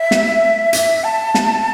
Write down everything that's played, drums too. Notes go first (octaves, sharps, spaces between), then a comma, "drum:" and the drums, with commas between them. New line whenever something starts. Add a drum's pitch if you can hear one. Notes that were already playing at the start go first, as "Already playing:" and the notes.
Already playing: E5
drum: snare
drum: hi-hat
A5
drum: snare